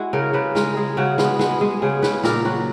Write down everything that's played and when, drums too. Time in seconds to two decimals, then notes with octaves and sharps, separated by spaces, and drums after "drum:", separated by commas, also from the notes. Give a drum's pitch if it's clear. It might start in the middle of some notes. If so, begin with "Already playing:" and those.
Already playing: G#3 E4 F#4
0.13 C#3 A#4
0.33 C#3 B4
0.55 G#3 A#4, drum: snare
0.76 G#3 G#4
0.97 C#3 F#4
1.18 G#3 B3, drum: snare
1.39 G#3 B3, drum: snare
1.61 G#3 G#4
1.82 C#3 G#4
2.03 C#3 B4, drum: snare
2.23 A#2 A#4, drum: snare
2.45 F#3 F#4